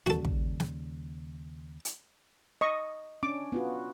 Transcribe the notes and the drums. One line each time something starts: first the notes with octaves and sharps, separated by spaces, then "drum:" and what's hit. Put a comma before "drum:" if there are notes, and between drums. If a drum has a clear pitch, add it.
D#2 C#3 G3 F#4 A4, drum: snare
drum: kick
drum: snare
drum: hi-hat
D#5 C#6
C#4 D4 D6
B3 F4 F#4